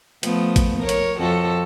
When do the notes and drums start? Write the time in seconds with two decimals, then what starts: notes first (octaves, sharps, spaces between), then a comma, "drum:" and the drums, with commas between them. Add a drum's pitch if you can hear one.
0.23 F3 A3 B3, drum: hi-hat
0.56 drum: kick, hi-hat
0.80 A#4 C#5
0.89 drum: hi-hat
1.18 F2 F#4 A4